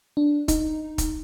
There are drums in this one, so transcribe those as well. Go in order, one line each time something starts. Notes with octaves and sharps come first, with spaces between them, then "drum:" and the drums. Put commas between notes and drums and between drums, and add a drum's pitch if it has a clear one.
D4
D#4, drum: kick, hi-hat
drum: kick, hi-hat